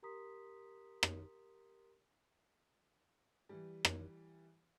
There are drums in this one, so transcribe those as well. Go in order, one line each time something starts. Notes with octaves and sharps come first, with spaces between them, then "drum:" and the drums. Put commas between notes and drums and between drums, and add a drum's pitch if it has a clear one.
G4 A#4 A#5 C6 D#6 B6
drum: rim click
E3 G3
drum: rim click